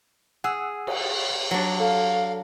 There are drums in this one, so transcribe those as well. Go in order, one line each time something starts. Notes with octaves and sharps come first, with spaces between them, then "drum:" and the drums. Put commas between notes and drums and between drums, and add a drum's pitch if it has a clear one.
G#4 F#5 E6
drum: cymbal
F#3 D4
A4 F5